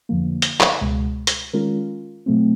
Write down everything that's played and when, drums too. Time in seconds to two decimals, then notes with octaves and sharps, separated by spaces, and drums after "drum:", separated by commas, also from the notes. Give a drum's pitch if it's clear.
0.09 F2 D3 F3 A#3
0.42 drum: hi-hat
0.60 drum: clap
0.81 C#2 B2 G#3
1.27 drum: hi-hat
1.53 D#3 G#3 C#4 F4 A#4
2.26 B2 F#3 A3 C4